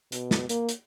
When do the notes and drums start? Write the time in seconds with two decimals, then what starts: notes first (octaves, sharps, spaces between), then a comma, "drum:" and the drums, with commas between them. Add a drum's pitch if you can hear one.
0.12 B2, drum: hi-hat
0.31 drum: snare
0.49 A#3, drum: hi-hat
0.69 drum: hi-hat